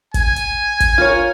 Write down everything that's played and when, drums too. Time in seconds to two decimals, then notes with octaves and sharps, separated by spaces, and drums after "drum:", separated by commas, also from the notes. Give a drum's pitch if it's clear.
0.14 G#5, drum: kick, hi-hat
0.36 drum: hi-hat
0.80 drum: kick, hi-hat
0.98 F4 A#4 C#5